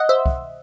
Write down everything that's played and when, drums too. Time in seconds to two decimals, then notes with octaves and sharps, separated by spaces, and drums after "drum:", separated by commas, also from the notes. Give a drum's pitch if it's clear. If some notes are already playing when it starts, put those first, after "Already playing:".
Already playing: D#5 F#5
0.09 C5 E5
0.26 drum: kick C2